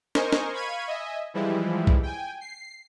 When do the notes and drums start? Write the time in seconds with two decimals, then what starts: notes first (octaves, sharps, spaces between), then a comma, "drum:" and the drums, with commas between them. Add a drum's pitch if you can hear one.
0.15 A#4 C5 D#5 G#5 C#6, drum: snare
0.32 drum: snare
0.53 F5 B5 C#6 G#6 D#7
0.88 D#5 E5 G#5
1.34 E3 F3 G3 G#3 E4
1.87 drum: kick B1
2.03 G5 G#5
2.41 C7